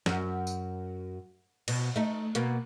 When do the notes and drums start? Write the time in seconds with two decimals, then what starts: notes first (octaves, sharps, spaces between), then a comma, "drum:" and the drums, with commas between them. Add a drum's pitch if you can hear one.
0.06 F#2, drum: snare
0.47 drum: tambourine
1.68 B2, drum: cymbal
1.96 A3 D#4
2.35 B2 A#3, drum: hi-hat